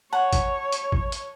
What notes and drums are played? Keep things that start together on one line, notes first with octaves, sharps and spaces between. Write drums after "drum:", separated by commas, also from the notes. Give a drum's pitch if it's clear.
C#5 F#5 A5
drum: kick A1, hi-hat
drum: hi-hat
drum: kick A1
drum: hi-hat